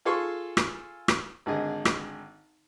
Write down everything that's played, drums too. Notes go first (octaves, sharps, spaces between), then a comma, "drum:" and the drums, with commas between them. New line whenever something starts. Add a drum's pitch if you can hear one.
F4 G#4 A4 C6 C#6
drum: rim click
drum: rim click
G#1 D3 G#4 D#5
drum: rim click